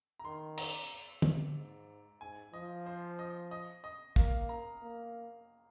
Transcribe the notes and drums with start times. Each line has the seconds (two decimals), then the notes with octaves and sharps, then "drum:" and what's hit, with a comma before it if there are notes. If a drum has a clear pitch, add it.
0.19 A#5
0.25 D#3 C6
0.58 A#5, drum: cymbal
1.22 C3, drum: tom D3
1.55 G#2
2.21 G#2 G#5
2.53 F3 D#5
2.86 C5
3.19 D#5
3.51 D#5
3.84 D#5
4.16 A#3 F5, drum: kick
4.49 A#5
4.82 A#3